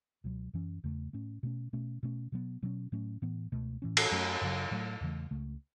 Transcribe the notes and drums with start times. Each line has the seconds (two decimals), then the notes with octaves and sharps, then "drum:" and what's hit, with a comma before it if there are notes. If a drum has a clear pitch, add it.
0.24 C#2 B2 F#3
0.54 F#2 E3 C#4
0.84 E2 C#3 A3
1.13 A2 A3 C#4
1.43 B2 A3 C#4
1.73 B2 A3 C#4
2.03 B2 A3 C#4
2.32 B2 F#3 B3
2.62 B2 F#3 C#4
2.92 A2 F#3 A3 C#4
3.22 A2 E3 B3
3.52 C#2 B2 A3
3.82 A2 E3 C#4
3.97 drum: cymbal
4.11 F#2 F#3 A3 C#4
4.41 F#2 C#3 F#3
4.71 A2 F#3 A3
5.01 E2 C#3 E3 A3
5.31 C#2 C#3 A3